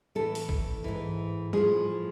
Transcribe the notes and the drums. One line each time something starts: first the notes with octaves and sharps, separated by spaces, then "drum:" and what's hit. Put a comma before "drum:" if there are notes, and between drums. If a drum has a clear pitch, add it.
A2 E3 A4
drum: open hi-hat
drum: kick
G#2 E3
A2 F3 G#4, drum: tom G3